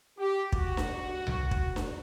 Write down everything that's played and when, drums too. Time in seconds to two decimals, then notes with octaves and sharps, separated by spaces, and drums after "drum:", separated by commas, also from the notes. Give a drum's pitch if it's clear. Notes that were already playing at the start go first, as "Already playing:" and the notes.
0.19 G4
0.52 F#4, drum: kick
0.77 drum: snare D4
1.27 drum: tom C2
1.51 drum: kick
1.76 drum: snare D4